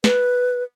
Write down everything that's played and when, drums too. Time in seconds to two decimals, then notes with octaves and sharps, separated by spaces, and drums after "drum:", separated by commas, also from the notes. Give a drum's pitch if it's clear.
0.04 B4, drum: snare